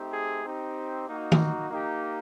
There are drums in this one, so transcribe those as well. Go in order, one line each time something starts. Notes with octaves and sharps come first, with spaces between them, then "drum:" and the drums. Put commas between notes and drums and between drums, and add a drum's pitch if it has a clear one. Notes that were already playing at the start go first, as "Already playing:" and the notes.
Already playing: A3 C4 D#4 G4
G#4
C4 D#4 G4
A#3 D#4 F#4
drum: tom D#3
A#3 D#4 G4